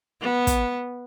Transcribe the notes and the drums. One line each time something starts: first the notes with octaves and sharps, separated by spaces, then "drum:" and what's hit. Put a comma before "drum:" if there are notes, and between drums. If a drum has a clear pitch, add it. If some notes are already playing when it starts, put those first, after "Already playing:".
B3
drum: kick, hi-hat